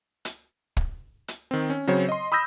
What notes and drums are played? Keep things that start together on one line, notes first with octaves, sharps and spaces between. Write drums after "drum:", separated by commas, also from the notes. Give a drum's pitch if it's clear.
drum: hi-hat
drum: kick
drum: hi-hat
D#3 C4
C#4
C#3 F#3 C4 C5 C#5
D#5 C6
B5 D#6 E6 G6 A#6